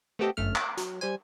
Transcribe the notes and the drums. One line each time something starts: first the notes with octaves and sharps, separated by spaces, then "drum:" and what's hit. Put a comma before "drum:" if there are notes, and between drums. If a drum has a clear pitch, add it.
A3 B3 C4 G4 A4 D#5
G1 F#2 A3 F6
D6, drum: clap
F#3, drum: hi-hat
G3 C5 G#5